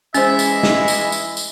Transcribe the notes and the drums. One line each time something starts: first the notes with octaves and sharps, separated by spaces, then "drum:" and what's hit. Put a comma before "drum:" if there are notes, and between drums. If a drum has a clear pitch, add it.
E3 G#3 C#4 C5 E5, drum: tambourine
drum: tambourine
drum: snare
drum: tambourine
drum: tambourine
drum: tambourine